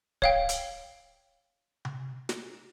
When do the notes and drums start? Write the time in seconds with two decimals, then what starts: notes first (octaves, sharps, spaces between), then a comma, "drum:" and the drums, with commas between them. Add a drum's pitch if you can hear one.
0.22 C#5 F5 G5, drum: kick D1
0.49 drum: hi-hat
1.85 drum: tom C3
2.29 drum: snare